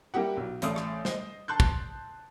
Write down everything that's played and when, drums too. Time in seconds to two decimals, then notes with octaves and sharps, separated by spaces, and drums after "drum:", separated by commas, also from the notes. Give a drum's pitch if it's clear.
0.14 G3 A#3 E4 G4 F#5
0.37 B1
0.62 A1 A3 D5 F5 D#6, drum: hi-hat
0.76 drum: rim click
1.05 C5 D#5, drum: snare
1.48 A5 C6 F#6 G6
1.60 drum: kick